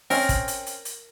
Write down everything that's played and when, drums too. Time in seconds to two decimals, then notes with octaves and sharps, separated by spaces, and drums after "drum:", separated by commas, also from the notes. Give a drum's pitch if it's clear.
0.10 C4 C#4 A#4, drum: open hi-hat
0.29 drum: kick, hi-hat
0.48 drum: hi-hat
0.66 drum: hi-hat
0.85 drum: hi-hat